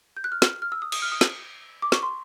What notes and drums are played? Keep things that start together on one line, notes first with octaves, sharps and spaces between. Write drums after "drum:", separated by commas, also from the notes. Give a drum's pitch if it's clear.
G6
F#6
F6
F6, drum: snare
F6
E6
D#6
D#6, drum: cymbal
F6
D#6
drum: snare
D6
C#6, drum: snare
C6